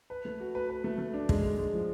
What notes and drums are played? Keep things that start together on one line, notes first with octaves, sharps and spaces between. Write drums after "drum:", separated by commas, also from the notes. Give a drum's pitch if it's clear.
B4
A3
F#4
B4
B4
A3
A3
D4
G#3, drum: kick
G#3
G#3
F3